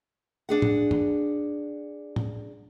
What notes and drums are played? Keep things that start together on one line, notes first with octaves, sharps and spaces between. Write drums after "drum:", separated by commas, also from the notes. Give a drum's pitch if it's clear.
D4 G#4 F#5
drum: tom
drum: tom
drum: tom